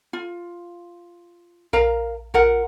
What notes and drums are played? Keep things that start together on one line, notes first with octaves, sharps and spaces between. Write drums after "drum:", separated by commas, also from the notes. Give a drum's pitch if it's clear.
F4
A#4 F5 A#5, drum: kick A#1
F4 A#4 F#5, drum: kick A#1